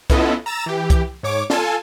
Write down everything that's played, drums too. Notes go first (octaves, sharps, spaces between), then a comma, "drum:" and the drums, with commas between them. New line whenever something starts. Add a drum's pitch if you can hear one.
B3 C#4 E4 F4 A4 D#5, drum: kick C2, hi-hat
A#5 E6 A6 E7
E3 G4
drum: kick C2, hi-hat
G#2 C#5 D6
F4 A4 G#5 A5, drum: snare